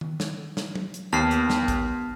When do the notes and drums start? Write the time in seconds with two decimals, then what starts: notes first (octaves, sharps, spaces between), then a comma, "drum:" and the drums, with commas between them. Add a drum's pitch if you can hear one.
0.01 drum: tom D#3
0.20 drum: snare
0.57 drum: snare
0.75 drum: tom F#3
0.94 drum: hi-hat
1.13 D#2 B3 A5 F6 C7
1.31 drum: hi-hat
1.50 drum: snare
1.68 drum: kick A#1, hi-hat